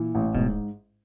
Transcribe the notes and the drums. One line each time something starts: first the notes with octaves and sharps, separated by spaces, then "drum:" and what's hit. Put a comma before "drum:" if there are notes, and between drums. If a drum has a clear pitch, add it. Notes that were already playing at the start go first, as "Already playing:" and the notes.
Already playing: A#2 E3
A1
G#2 B2, drum: kick D1